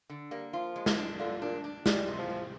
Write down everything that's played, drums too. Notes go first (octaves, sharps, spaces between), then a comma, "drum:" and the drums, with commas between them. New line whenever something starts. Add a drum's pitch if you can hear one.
D3
G3 A#3
F3 F4
G#3
drum: snare
D4
D3 F4
A#2 D4
D4
G3 G#3, drum: snare
C3
F3
C3